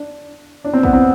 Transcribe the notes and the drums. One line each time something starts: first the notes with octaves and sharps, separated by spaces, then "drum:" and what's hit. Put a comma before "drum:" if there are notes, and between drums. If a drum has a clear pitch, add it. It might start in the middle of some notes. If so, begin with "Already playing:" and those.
Already playing: D4
D4
C4
B3, drum: kick
C4